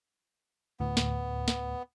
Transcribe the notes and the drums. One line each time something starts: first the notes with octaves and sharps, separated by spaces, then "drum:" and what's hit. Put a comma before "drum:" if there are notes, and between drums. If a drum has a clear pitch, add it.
D2 A2 B3
drum: snare
drum: snare